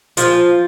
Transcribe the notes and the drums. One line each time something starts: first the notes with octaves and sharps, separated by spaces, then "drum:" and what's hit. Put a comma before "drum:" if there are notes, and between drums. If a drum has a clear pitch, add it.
A#2 F3 F4, drum: hi-hat